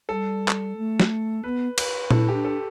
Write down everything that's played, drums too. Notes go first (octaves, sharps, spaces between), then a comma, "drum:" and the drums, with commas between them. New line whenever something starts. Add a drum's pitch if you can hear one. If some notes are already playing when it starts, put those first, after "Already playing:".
G3 A4
drum: clap
A3
drum: snare
B3 B4
B4, drum: cymbal
E4 A4, drum: tom A#2
D4 G4
A4